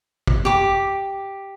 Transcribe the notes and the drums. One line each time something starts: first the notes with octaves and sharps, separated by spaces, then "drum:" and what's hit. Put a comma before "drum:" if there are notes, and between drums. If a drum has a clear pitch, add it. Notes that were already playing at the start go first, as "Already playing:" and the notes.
drum: kick
G4 D6